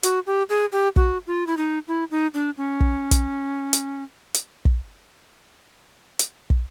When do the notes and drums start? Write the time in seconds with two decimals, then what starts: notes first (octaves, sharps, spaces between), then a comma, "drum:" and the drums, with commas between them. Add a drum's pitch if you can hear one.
0.03 F#4, drum: hi-hat
0.27 G4
0.49 G#4
0.72 G4
0.96 F#4, drum: kick
1.27 F4
1.47 E4
1.57 D#4
1.88 E4
2.11 D#4
2.34 D4
2.57 C#4
2.80 drum: kick
3.11 drum: kick, hi-hat
3.73 drum: hi-hat
4.34 drum: hi-hat
4.65 drum: kick
6.19 drum: hi-hat
6.50 drum: kick